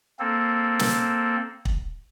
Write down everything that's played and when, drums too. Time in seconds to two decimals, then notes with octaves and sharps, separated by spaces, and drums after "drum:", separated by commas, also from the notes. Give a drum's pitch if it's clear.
0.19 A#3 C4 A4
0.79 drum: snare
1.65 drum: kick